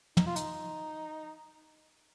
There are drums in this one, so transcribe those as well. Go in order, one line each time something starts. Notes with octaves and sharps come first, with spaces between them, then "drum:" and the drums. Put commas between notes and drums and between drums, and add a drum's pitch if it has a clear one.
D#4, drum: tom
F4
D#4, drum: hi-hat